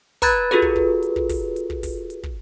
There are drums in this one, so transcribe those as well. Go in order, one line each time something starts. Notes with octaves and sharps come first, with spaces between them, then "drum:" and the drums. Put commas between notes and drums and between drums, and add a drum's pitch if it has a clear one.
B4 A#5 B5 F#6 G#6 A6, drum: kick, open hi-hat
F4 F#4 G#4 A4 B4, drum: hi-hat
drum: kick
drum: kick
drum: hi-hat
drum: kick
drum: kick, open hi-hat
drum: hi-hat
drum: kick
drum: kick, open hi-hat
drum: hi-hat
drum: kick